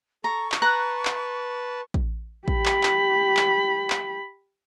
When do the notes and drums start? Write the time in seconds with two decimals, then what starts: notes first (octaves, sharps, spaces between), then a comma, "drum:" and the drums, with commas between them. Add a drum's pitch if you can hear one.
0.24 A4 A#5 C#6
0.52 drum: clap
0.62 B4 A5 A#5 F#6
1.05 drum: clap
1.94 drum: kick A1
2.48 G4 B5, drum: kick A1
2.66 drum: clap
2.83 drum: clap
3.37 drum: clap
3.90 drum: clap